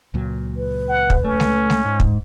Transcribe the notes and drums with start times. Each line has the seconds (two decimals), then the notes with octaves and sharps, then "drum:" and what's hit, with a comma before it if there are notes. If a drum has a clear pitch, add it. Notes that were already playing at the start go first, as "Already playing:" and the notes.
0.14 C#2 A#2 F#3
0.57 B4
0.89 F#5
1.10 drum: kick
1.25 A3 C#4
1.40 drum: snare G#3
1.70 drum: snare G#3
1.85 G#2
2.00 drum: kick